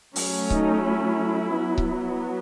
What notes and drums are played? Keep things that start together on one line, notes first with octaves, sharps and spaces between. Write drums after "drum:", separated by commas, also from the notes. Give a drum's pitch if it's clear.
F#3 A3 C#4, drum: open hi-hat
D#4, drum: kick C#1
E4
F#3 B3
drum: kick C#1